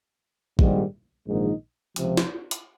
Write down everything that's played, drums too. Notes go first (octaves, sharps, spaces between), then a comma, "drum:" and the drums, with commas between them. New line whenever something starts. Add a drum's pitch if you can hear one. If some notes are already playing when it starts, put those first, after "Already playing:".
A#1 G#2 D#3 G3, drum: kick
A#1 G#2 D#3 G#3 D#4
C#2 C3 F3, drum: hi-hat
drum: snare
drum: hi-hat